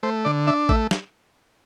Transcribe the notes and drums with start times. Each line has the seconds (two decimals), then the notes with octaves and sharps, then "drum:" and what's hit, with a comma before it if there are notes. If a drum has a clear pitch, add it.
0.03 A3 C5
0.25 D3 D5
0.47 D4 E5
0.69 A3 E5, drum: kick A1
0.91 drum: snare